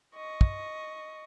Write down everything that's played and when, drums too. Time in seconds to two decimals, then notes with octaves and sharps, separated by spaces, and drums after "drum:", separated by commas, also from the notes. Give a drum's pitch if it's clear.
0.15 D#5 C#6
0.41 drum: kick